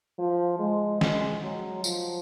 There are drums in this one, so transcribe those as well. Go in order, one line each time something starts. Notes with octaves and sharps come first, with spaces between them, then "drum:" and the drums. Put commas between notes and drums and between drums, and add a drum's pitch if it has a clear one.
F3
G#3
G#3, drum: snare
F#3
F3, drum: tambourine